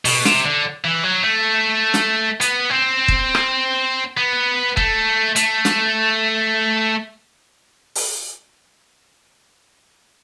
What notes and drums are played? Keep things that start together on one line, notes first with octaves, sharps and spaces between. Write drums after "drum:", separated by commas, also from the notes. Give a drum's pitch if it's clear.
B2, drum: open hi-hat
C3, drum: snare
D3
E3
F#3
A3
drum: snare
B3, drum: hi-hat
C4
drum: kick
drum: rim click
B3
A3, drum: kick
A3, drum: hi-hat
drum: snare
drum: open hi-hat